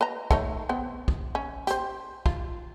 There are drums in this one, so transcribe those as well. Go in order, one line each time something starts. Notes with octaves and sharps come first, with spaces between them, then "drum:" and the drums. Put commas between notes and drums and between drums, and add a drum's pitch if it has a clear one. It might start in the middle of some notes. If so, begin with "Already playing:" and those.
B4 D#5 A#5
A3 D#4 C#5, drum: kick
B3 C4
drum: kick
C#4
G4 C5, drum: hi-hat
F4, drum: kick